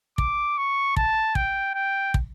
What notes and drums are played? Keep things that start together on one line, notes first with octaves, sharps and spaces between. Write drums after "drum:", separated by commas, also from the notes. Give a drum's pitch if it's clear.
D6, drum: kick
C#6
A5, drum: kick
G5, drum: kick
G5
drum: kick